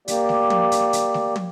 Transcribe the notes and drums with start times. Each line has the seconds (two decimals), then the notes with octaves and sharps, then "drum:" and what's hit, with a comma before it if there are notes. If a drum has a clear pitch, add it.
0.08 A#3 G4 D5, drum: hi-hat
0.29 drum: snare A3
0.50 drum: tom
0.72 drum: hi-hat
0.93 drum: hi-hat
1.14 drum: snare A3
1.36 drum: tom